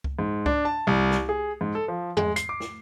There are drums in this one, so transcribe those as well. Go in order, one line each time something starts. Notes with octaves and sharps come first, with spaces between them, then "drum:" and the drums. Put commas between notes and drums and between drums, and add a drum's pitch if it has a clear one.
drum: kick C#2
G#2
D4, drum: kick C#2
A5
C2
drum: snare
G#4
G#2
A4
F3
G#3, drum: tom E2
C7, drum: hi-hat
D6
drum: snare